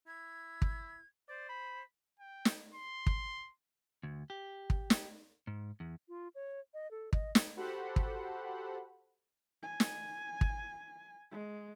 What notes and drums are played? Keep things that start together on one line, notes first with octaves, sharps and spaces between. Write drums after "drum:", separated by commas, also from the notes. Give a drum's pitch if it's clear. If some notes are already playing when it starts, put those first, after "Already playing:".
E4 G#6
drum: kick
C5 D5
B5
G5
drum: snare
C6
drum: kick
D2
G4
drum: kick
drum: snare
G#2
E2
F4
C#5
D#5
A4
D#5, drum: kick
drum: snare
F#4 G4 A4 C5 F#5 B5
drum: kick
G#5
drum: snare
drum: kick
G#3